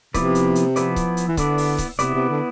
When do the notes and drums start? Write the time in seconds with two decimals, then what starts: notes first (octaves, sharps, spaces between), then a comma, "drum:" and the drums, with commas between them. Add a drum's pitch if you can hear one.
0.14 C3 F3 B3 E4 B4 D5, drum: kick C#1, hi-hat
0.35 drum: hi-hat
0.55 drum: hi-hat
0.76 F3 B3 E4 B4 D5, drum: hi-hat
0.96 drum: kick C#1, hi-hat
1.17 drum: hi-hat
1.27 E3
1.37 D3 B3 E4 B4 D5, drum: kick C#1, hi-hat
1.58 drum: open hi-hat
1.78 drum: kick C#1, hi-hat
1.99 C3 B3 E4 B4 D5, drum: hi-hat
2.14 C3
2.29 D3